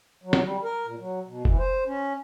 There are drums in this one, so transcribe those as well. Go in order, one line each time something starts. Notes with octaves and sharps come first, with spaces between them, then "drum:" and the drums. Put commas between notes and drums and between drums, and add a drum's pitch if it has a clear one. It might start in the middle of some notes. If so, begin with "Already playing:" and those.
F#3
drum: snare
G3
A#4
A#2
F#3
B2
E3, drum: kick F1
C5
C#4